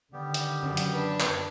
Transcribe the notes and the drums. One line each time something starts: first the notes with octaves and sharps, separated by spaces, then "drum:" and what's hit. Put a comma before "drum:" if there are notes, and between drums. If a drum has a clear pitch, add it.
D3 D#3 G3 B3 G4
drum: hi-hat
F#2
drum: hi-hat
D4 B4
drum: clap